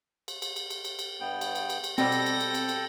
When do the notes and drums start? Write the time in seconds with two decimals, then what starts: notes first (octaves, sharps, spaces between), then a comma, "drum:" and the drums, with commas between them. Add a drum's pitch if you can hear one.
0.28 drum: cymbal
0.42 drum: cymbal
0.56 drum: cymbal
0.70 drum: cymbal
0.85 drum: cymbal
0.99 drum: cymbal
1.20 G2 B3 G5
1.41 drum: cymbal
1.55 drum: cymbal
1.70 drum: cymbal
1.84 drum: cymbal
1.98 B2 G3 C4 A4 D5 G5 A5 A#6, drum: cymbal
2.12 drum: cymbal
2.26 drum: cymbal
2.40 drum: cymbal
2.55 drum: cymbal
2.69 drum: cymbal